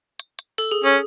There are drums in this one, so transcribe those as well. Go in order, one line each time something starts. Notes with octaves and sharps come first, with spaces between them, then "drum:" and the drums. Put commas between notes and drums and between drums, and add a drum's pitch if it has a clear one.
drum: hi-hat
drum: hi-hat
A4, drum: open hi-hat
G#4
C#4 G#4